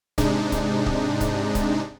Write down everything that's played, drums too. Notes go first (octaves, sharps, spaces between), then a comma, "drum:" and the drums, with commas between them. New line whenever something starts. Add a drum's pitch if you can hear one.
G#2 C3 G#3 D4 D#4, drum: kick C#1, hi-hat
drum: kick C#1, hi-hat
drum: kick C#1
drum: kick C#1, hi-hat
drum: kick C#1, hi-hat